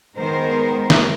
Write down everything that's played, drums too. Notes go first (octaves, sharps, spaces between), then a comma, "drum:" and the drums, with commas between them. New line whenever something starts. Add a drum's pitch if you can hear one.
D#3 G#3 B3 A#4 C5
drum: snare